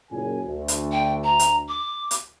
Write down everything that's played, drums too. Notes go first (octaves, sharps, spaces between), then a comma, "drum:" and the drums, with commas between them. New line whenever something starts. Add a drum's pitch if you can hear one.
F#1 A#2 G#5
D2
drum: hi-hat
G5
A#5
drum: hi-hat
D6
drum: hi-hat